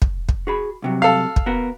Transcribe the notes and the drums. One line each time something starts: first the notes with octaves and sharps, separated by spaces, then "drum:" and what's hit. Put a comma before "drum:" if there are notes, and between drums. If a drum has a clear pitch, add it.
drum: kick
drum: kick
F#4 G#4 B5
C2 C3 F#3
A4 F5
drum: kick
B3 F#4 A#4